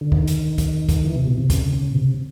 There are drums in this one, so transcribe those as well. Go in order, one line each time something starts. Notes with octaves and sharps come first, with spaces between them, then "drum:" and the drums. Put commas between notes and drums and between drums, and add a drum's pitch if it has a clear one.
D3
D#3, drum: kick
drum: hi-hat
drum: kick, hi-hat
drum: kick, hi-hat
E3
C3
B2
C3
C#3, drum: kick, hi-hat
C#3
B2
C3